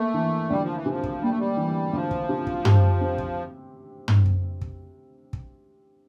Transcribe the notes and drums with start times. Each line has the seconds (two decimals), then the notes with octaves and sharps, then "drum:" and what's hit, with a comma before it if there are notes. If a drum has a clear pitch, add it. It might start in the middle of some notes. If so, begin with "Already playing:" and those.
Already playing: A3 A#3
0.14 E3
0.50 D2 G3
0.63 F3
0.76 E3
0.86 C3 F3
1.04 drum: kick
1.21 G3 A#3
1.30 A3
1.39 G3
1.57 E3
1.93 D2 F3
2.11 drum: kick
2.29 C3
2.47 drum: kick
2.65 G4, drum: tom
3.01 C4
3.18 drum: kick
4.08 drum: tom
4.26 drum: kick
4.61 drum: kick
5.33 drum: kick